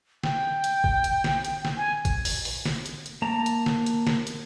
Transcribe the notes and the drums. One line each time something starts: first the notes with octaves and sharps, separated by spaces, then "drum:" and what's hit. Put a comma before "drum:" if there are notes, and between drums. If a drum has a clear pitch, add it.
G5, drum: snare
drum: hi-hat
drum: kick
drum: hi-hat
drum: snare
drum: hi-hat
drum: snare
G#5
drum: kick, hi-hat
drum: open hi-hat
drum: open hi-hat
drum: snare
drum: hi-hat
drum: hi-hat
A#3 A5 A#5
drum: hi-hat
drum: snare
drum: hi-hat
drum: snare
drum: hi-hat